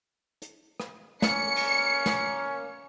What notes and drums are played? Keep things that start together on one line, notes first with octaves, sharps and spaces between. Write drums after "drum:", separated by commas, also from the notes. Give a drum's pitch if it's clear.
drum: hi-hat
drum: rim click
A#3 C#4 C#7, drum: snare
drum: cymbal
drum: snare